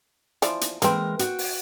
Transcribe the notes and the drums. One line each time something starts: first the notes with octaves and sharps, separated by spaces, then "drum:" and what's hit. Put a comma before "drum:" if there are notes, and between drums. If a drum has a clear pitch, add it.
E3 F3 D5, drum: hi-hat
drum: hi-hat
E3 G#3 A#3 C4 A#4, drum: hi-hat
F#4 G5, drum: hi-hat
drum: open hi-hat